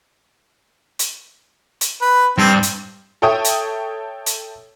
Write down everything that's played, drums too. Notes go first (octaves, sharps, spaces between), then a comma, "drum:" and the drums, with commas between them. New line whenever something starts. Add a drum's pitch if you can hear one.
drum: hi-hat
drum: hi-hat
B4
G2 C4
drum: hi-hat
A4 C#5 E5 G5 C#6 D#6
drum: hi-hat
drum: hi-hat